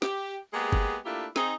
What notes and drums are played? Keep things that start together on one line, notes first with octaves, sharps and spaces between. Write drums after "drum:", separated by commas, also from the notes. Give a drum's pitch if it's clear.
G4, drum: snare
G#3 A#3 B3 G4 G#4
drum: kick G1
A3 A#3 D4 E4 F4 G4
C4 D#4 G#4, drum: snare